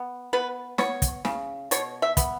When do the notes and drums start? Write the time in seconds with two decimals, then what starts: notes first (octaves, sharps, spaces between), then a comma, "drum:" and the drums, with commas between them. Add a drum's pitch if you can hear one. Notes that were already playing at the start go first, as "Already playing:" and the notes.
Already playing: B3
0.33 B3 B4
0.78 B3 C#5, drum: snare
1.02 drum: kick, hi-hat
1.25 C#3, drum: snare
1.71 B2 C#5, drum: hi-hat
2.02 E5
2.17 B3, drum: kick, hi-hat